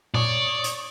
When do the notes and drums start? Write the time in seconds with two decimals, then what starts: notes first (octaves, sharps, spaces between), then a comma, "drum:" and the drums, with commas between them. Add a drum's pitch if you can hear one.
0.14 C#5 D5 D#6, drum: tom A#2
0.64 drum: hi-hat